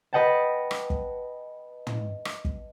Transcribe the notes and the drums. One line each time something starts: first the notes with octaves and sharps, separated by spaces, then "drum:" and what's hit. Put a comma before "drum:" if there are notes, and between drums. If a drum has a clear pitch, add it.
B4 D#5 F#5 G5 A5
drum: rim click
drum: kick
drum: tom
drum: rim click
drum: kick